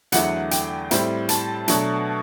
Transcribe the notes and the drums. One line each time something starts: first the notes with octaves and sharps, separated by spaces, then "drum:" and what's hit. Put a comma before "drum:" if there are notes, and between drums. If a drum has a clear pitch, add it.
E2 D3 F#3 A3 E4 F#5, drum: hi-hat
G5, drum: hi-hat
A2 G3 C4 E4, drum: hi-hat
A5, drum: hi-hat
B2 F#3 A3 D4, drum: hi-hat